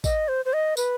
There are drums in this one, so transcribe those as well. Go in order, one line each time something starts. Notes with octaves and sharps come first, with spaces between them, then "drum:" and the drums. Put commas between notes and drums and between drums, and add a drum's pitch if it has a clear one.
D#5, drum: kick A1, tambourine
C5
C5
D#5
B4, drum: tambourine